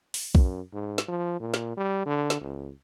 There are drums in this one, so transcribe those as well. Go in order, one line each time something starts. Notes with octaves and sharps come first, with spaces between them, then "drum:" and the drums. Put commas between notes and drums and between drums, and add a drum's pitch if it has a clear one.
drum: open hi-hat
F#2, drum: kick B1
G#2
drum: snare
F3
A#2
drum: snare
G3
D3
drum: snare
C#2